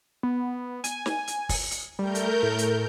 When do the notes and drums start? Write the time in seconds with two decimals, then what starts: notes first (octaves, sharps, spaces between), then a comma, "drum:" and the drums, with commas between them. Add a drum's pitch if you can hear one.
0.23 B3
0.84 G#5, drum: hi-hat
1.06 drum: snare
1.27 drum: hi-hat
1.49 drum: kick, open hi-hat
1.71 drum: hi-hat
1.99 G3 A3 A#4 G6
2.15 drum: hi-hat
2.43 A2
2.58 drum: hi-hat